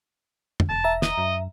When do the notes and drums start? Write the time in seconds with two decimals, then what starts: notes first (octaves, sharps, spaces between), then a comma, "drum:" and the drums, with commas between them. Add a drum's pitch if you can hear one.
0.60 drum: tom F2
0.69 E1 A5
0.84 E5 A#5
1.02 D#5, drum: snare
1.18 F#2